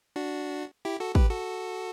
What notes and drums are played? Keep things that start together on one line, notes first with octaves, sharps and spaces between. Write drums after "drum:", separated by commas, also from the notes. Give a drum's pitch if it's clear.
D4 F#4
E4 G4
F#4 A4
G4 B4, drum: kick
F#4 A4